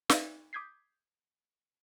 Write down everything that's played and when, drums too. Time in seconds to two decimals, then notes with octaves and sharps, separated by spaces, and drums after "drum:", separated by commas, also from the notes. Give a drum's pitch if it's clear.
0.10 D#4 B4 D5 E5 F5, drum: snare
0.53 D6 D#6 G6 G#6 B6 C7